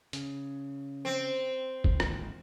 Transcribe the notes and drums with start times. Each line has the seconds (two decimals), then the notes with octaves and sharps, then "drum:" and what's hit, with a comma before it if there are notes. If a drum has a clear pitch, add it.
0.13 C#3, drum: hi-hat
1.05 C4
1.84 drum: kick
2.00 A1 D#2 G#2, drum: rim click